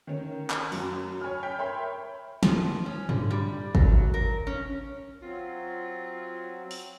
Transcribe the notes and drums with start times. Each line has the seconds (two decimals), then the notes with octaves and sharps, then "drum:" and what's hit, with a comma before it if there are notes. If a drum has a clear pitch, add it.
0.07 D#3 C#4 A#4
0.50 drum: clap
0.72 F#2, drum: open hi-hat
1.21 C#5 G#5 B5 F6
1.43 G5 F6 G6 B6
1.58 A#4 C#5 E5 G5 B5 C6
2.43 F3, drum: snare
2.86 C#4
3.09 D3, drum: tom G2
3.31 G3
3.75 F#3, drum: kick
4.14 A#4
4.47 C#4
5.22 F#3 C4 F4
6.71 drum: open hi-hat